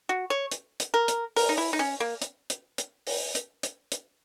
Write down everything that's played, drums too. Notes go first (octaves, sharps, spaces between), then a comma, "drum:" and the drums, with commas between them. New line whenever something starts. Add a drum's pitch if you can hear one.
F#4
C#5
drum: hi-hat
drum: hi-hat
A#4
drum: hi-hat
A#4, drum: open hi-hat
D#4
E4
D#4
C#4
A#3
drum: hi-hat
drum: hi-hat
drum: hi-hat
drum: open hi-hat
drum: hi-hat
drum: hi-hat
drum: hi-hat